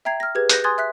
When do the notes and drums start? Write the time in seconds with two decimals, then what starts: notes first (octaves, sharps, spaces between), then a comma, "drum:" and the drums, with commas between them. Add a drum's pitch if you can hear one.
0.05 E5 G5 A#5 G#6 C7
0.20 F6 A#6
0.35 G4 G#4 B4 G#6
0.49 F#6 G6 A#6, drum: hi-hat
0.64 G#5 C6 D#6 F#6 G#6 A6
0.78 E5 F#6 B6